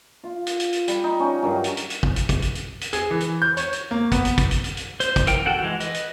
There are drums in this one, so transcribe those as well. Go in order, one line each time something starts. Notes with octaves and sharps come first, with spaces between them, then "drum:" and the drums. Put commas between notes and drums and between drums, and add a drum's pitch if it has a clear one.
F4
drum: hi-hat
drum: hi-hat
drum: hi-hat
G3, drum: hi-hat
D#4
C#4
G2 D#3 F#3 D6
drum: hi-hat
drum: hi-hat
drum: hi-hat
drum: kick
drum: hi-hat
drum: kick, hi-hat
drum: hi-hat
drum: hi-hat
drum: hi-hat
G#4, drum: hi-hat
E3
drum: hi-hat
G6
C#5, drum: hi-hat
drum: hi-hat
A#3
B3, drum: kick, hi-hat
drum: hi-hat
drum: kick, hi-hat
drum: hi-hat
drum: hi-hat
drum: hi-hat
C5, drum: hi-hat
drum: kick, hi-hat
E3 A#4 G5, drum: hi-hat
F#4 A4 F#5 G5
E3 G#3
B4 D#5, drum: hi-hat
drum: hi-hat